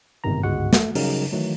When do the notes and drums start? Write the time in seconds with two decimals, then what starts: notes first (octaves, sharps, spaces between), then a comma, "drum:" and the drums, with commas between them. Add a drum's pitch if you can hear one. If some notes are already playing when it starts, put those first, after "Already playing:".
0.24 G1 G#2 C3 D#3 A#5
0.43 G1 C#2 G#2 G#3 F#4 F#5
0.73 A3 A4, drum: snare
0.95 C#3 F#3 G3 D#4 A#4, drum: open hi-hat
1.32 D#3 E3 F#3 A3